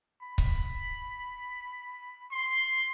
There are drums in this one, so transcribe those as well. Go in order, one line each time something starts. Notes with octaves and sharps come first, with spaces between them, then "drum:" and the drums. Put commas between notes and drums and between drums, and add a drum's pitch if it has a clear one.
B5
drum: kick C#1
C6